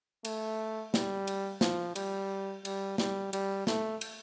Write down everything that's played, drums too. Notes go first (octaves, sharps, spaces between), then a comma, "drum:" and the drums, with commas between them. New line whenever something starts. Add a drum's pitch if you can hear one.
A3, drum: cymbal
G3, drum: snare
drum: cymbal
F3, drum: snare
G3, drum: cymbal
G3, drum: cymbal
G3, drum: snare
G3, drum: cymbal
A3, drum: snare
drum: cymbal